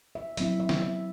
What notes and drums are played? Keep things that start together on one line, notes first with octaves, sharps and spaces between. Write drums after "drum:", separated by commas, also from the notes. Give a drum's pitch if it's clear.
E5
F#3 C4 E4 E5, drum: hi-hat
E5
drum: snare
E5